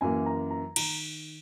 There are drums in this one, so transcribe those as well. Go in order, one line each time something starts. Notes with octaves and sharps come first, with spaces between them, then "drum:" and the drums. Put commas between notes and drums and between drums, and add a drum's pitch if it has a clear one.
F#2 E3 A#3 G#5
A#5
A#5
D#3 A#5, drum: cymbal